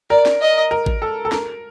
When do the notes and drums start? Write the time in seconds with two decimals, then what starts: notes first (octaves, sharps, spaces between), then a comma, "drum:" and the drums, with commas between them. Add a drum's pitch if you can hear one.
0.10 A#4 D5
0.26 drum: snare
0.41 D#5
0.71 A#4
0.86 drum: kick G#1
1.02 A4
1.25 A4
1.32 A#4, drum: snare